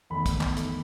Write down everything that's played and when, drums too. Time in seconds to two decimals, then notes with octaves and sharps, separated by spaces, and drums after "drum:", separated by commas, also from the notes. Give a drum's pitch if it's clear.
0.10 E2 D#3 A3 B5
0.26 drum: kick, hi-hat
0.41 drum: clap
0.57 D#3 A3, drum: hi-hat